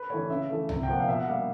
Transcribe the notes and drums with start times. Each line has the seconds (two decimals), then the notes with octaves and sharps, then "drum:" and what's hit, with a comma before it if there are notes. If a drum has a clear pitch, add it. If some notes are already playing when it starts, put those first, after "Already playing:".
Already playing: B4
0.10 E3 A3 C#5
0.30 C#3 E5
0.50 E3 A3
0.69 C3, drum: tom C2
0.83 G5
0.88 F3 A#3 F#5
1.00 F5
1.09 B2 E5
1.20 F#5
1.27 G3 A#3 F5